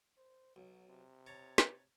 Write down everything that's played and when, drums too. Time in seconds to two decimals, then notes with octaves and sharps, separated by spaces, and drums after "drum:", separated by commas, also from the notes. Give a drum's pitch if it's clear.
0.17 C5
0.56 B1 F#3
0.89 C3
1.26 C#5 A5 A#5
1.58 drum: snare